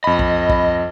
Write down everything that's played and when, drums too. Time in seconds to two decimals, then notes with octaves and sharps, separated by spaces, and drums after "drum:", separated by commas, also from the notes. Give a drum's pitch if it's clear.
0.04 F2 D#5 B5
0.19 drum: kick
0.50 drum: kick